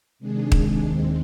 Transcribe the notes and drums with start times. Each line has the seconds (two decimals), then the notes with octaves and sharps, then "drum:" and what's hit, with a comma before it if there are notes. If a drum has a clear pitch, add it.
0.19 C3 D#3 G#3 D4 G#4
0.52 drum: kick
0.84 D#2 D#3 G#3 C4